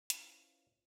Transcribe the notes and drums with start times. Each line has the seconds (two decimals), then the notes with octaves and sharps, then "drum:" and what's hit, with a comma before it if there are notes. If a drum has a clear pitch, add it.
0.10 C#4 E4 F4 B4 C5, drum: hi-hat